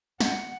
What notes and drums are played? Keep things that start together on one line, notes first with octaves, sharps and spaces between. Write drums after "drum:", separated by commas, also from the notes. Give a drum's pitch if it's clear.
F#5, drum: snare